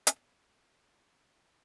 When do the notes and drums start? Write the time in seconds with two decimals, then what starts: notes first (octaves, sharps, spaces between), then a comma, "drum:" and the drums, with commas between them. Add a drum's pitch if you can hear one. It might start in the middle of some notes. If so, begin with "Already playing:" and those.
0.07 B1 B2 G#3 B3, drum: hi-hat
0.82 E1 E2 D3 G#3 C#4